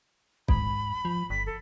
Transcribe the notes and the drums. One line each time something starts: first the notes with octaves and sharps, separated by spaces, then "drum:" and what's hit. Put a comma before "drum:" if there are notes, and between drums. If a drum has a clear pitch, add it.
G#2 B5, drum: kick
F3
G1 B6
A4